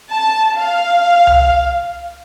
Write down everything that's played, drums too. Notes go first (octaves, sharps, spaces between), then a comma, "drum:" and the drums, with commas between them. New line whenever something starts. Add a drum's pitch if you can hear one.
A5
F5
drum: tom C2